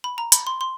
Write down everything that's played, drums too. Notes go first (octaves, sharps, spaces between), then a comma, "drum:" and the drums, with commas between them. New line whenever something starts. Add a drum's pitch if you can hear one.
B5
A#5
B5, drum: hi-hat
C6
C6